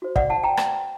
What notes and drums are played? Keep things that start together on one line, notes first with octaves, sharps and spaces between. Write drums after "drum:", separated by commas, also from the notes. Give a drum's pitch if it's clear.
F#4 C5
D5 F#5, drum: kick
F#5 A5
G5 A#5
drum: rim click